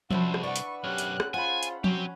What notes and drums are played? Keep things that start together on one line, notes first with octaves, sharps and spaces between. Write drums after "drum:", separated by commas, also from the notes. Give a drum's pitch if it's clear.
C2 F3 C#4 F#4 C5 E5 A5 B5, drum: tom F3
drum: rim click
D4 B4 D5 F#5 C#6
drum: hi-hat
B1 F#2 C#4 G4 F#6
drum: hi-hat
drum: rim click
F4 G#4 C5 F#5 G#5 B5
drum: hi-hat
F#3 C4 C#4 G4, drum: tom F3